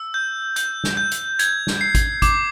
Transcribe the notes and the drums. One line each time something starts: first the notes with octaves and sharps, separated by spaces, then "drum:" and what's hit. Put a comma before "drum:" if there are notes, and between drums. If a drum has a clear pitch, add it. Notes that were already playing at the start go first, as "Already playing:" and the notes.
Already playing: E6
G6
G6, drum: hi-hat
drum: snare
G6
drum: hi-hat
G#6, drum: hi-hat
drum: snare
C7
drum: kick G#1, hi-hat
D6, drum: kick G#1, hi-hat